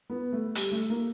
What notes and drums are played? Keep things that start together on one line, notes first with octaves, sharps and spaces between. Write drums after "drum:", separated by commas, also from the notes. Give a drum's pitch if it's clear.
B3
A3
G3, drum: hi-hat
A3
A#3